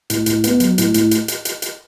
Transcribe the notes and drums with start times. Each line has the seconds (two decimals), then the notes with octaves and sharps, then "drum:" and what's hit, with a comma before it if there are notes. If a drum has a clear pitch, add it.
0.10 A2, drum: hi-hat
0.26 A2, drum: hi-hat
0.44 B3, drum: hi-hat
0.60 F#3, drum: hi-hat
0.78 A2, drum: hi-hat
0.94 A2, drum: hi-hat
1.11 drum: hi-hat
1.28 drum: hi-hat
1.45 drum: hi-hat
1.62 drum: hi-hat